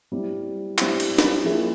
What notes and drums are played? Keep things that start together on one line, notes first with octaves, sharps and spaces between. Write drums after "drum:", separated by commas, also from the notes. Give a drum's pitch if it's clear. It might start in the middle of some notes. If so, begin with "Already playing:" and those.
G3 C4 E4
G3 C4 E4, drum: clap
drum: cymbal
drum: snare
F3 A#3 C#4 E4 G#4